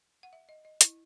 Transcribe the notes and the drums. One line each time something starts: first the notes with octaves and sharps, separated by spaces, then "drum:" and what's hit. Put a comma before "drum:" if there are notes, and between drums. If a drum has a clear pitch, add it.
F#5
E5
D#5
D#5
E4, drum: hi-hat